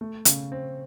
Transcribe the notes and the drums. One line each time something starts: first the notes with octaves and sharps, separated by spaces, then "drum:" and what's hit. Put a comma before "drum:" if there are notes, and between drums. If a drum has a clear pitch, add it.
A3
C#3, drum: hi-hat
C4